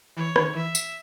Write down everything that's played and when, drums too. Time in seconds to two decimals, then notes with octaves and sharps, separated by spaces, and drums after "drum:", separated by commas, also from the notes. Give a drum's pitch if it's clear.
0.17 E3 C#5
0.36 D#3, drum: rim click
0.55 E3 E5
0.75 drum: tambourine